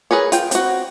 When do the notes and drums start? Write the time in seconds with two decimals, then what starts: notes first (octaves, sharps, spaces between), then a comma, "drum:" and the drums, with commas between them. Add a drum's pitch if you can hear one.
0.11 G#4 A#4 B4 C#5
0.32 F4 G5, drum: hi-hat
0.51 C4 F#4, drum: hi-hat